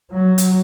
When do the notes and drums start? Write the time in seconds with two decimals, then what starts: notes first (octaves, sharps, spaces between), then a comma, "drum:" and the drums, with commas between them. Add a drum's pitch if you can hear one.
0.11 F#3
0.38 drum: hi-hat